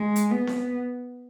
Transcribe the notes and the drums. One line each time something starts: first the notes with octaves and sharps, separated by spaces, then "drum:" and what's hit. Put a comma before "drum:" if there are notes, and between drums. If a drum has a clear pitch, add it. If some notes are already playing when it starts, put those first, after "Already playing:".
Already playing: G#3
drum: hi-hat
B3
drum: snare C4